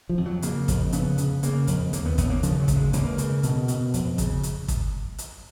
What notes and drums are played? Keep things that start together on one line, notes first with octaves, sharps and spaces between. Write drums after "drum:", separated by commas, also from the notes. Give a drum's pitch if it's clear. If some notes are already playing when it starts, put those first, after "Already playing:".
F3
F2
F#3
C#3 A#3, drum: hi-hat
F2, drum: kick, hi-hat
C#3 B3, drum: hi-hat
C#3, drum: hi-hat
C#3 A#3, drum: hi-hat
F2, drum: hi-hat
D#2 A#3, drum: hi-hat
B3
D#2 B3, drum: kick, hi-hat
A#3
C#3 F3, drum: hi-hat
F#3
C#2, drum: kick, hi-hat
G#3
C#2 A#3, drum: hi-hat
C#3, drum: hi-hat
B2, drum: hi-hat
B2, drum: hi-hat
F2, drum: hi-hat
C#3, drum: kick, hi-hat
drum: hi-hat
drum: kick, hi-hat
drum: hi-hat